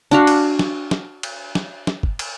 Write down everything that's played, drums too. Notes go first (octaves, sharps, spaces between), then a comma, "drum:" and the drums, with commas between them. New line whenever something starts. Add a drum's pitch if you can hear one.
D4 F#4 F5
drum: cymbal
drum: snare
drum: snare
drum: cymbal
drum: snare
drum: snare
drum: kick
drum: cymbal